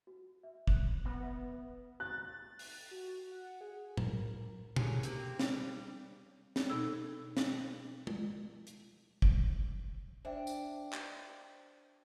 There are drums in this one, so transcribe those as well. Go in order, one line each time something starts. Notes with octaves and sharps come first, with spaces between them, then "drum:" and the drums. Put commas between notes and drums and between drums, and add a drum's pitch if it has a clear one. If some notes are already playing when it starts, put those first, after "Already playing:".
F#4
E5
F#6, drum: kick
B3 A#6
B4 E5
F#6 A6
drum: open hi-hat
F#4
F#5
G#4
A#4, drum: tom
A2 F#3 C4 C#4 G4 G#4, drum: tom
A#3 C4 G4, drum: hi-hat
G3, drum: snare
drum: snare
B2 D#4 A4 E6
drum: snare
drum: tom
drum: hi-hat
drum: kick
D4 C5 E5 G5
drum: tambourine
drum: clap